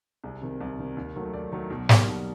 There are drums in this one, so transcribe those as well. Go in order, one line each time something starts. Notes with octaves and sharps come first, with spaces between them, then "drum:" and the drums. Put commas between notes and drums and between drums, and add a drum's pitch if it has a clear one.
C2 G#4
C3 D#3
C2
C3 D#3
D#2
D#3 F#3 A3
D#2 D5
D#3 F#3 A3
B1
B2 G3 A#3, drum: snare
B1